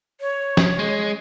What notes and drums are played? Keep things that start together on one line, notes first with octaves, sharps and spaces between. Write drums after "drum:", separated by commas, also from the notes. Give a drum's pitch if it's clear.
C#5
drum: snare
G#3